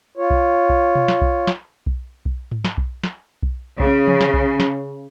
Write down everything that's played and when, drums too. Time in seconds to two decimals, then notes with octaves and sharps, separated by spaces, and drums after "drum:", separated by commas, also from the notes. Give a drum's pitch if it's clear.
0.17 F4 C#5
0.30 drum: kick B1
0.69 drum: kick B1
0.95 drum: tom B2
1.08 drum: snare
1.21 drum: kick B1
1.47 drum: snare
1.86 drum: kick B1
2.25 drum: kick B1
2.51 drum: tom G#2
2.64 drum: snare
2.77 drum: kick B1
3.03 drum: snare
3.43 drum: kick B1
3.80 C#3, drum: kick B1
4.08 drum: tom E3
4.21 drum: snare
4.34 drum: kick B1
4.60 drum: snare